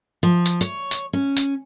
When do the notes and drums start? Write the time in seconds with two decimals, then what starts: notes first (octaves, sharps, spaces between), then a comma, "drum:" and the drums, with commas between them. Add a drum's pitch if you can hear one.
0.23 F3
0.46 drum: tambourine
0.61 C#5, drum: tambourine
0.91 drum: tambourine
1.13 C#4
1.37 drum: tambourine